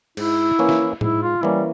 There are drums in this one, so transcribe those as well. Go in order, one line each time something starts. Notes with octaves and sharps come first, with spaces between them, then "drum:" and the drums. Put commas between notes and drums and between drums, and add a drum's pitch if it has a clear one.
G#2 E4, drum: cymbal
E3 A#3 C#4
drum: snare
G#2 E4, drum: tom A2
F4
E3 G3 A#3 C#4